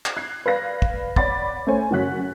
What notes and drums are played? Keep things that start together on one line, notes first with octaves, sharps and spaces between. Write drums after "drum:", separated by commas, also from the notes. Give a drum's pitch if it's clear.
drum: clap
F#6 G#6 C7
B4 D5 F5 F#6 A#6
drum: kick
C#5 D5 F#5 B5 D6 A6, drum: kick
A3 C#4 C5 C#5 G#5
F#2 C#3 F#4 C#5 F#6 B6